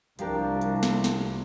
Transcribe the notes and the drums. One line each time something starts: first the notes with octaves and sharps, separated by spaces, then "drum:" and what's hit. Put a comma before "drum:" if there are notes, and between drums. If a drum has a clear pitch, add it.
C2 F3 D4 G4 A#4, drum: hi-hat
drum: hi-hat
drum: snare
drum: snare